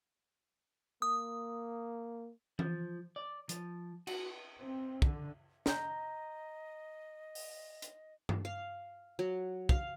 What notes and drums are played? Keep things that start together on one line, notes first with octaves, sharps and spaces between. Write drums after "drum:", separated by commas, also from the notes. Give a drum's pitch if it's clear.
A#3 D#6
F3, drum: tom E3
D5
F3, drum: hi-hat
F#4, drum: cymbal
C4
D3, drum: kick
D#5 A#5 G6, drum: snare
drum: open hi-hat
drum: hi-hat
drum: tom G2
F5
F#3
F5, drum: kick